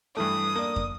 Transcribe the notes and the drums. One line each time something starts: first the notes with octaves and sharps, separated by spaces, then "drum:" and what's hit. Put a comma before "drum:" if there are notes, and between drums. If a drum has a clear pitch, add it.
G2 E3 A3 D#6
A#3 D4
drum: kick